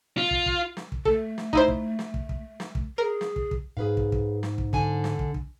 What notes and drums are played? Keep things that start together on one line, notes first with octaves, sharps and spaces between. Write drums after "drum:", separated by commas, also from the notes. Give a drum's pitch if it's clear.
F4
drum: kick
drum: kick
drum: snare
drum: kick
A3 A4, drum: kick
drum: snare
D#4 E4 C5, drum: kick
drum: kick
drum: snare
drum: kick
drum: kick
drum: snare
drum: kick
G#4 A#4
drum: snare
drum: kick
drum: kick
G#2 G#4 B4 F5
drum: kick
drum: kick
drum: snare
drum: kick
D3 G#5, drum: kick
drum: snare
drum: kick
drum: kick